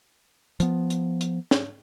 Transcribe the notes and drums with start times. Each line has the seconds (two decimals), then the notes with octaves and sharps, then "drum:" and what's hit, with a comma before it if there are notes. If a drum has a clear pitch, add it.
0.60 F3 B3, drum: hi-hat
0.90 drum: hi-hat
1.21 drum: hi-hat
1.51 drum: snare